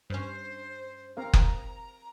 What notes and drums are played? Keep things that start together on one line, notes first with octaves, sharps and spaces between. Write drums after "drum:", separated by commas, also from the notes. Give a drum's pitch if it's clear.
G2 C#4 C5
C4 A#4 F5 A#5
drum: kick F#1